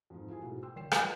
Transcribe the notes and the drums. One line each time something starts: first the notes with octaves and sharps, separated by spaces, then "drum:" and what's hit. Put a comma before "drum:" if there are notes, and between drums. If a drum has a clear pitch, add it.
F2 G#2
E4 F4 G#4 G#5
G#2 B2 A3 E4 F#4
G5 C6 E6
G1 C#5 G5 C7 E7
F4 B4 C#5 D#5 G#5, drum: rim click